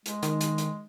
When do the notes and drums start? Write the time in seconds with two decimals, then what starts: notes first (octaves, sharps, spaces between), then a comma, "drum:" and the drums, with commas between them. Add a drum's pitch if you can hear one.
0.06 G#3, drum: hi-hat
0.23 D#3, drum: hi-hat
0.41 drum: hi-hat
0.58 drum: hi-hat